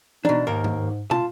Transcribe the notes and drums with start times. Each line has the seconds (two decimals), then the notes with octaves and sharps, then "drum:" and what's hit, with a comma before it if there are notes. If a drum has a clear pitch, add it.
0.25 B2 D4 D#4, drum: tom E3
0.47 D#2 G#2 A#3 A#4
0.64 drum: tom
1.11 F4 A5, drum: tom